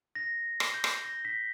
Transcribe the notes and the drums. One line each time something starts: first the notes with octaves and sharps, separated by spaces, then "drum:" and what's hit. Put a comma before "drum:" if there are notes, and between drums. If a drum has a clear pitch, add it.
A#6
G7, drum: rim click
G6
drum: rim click
A#6
B6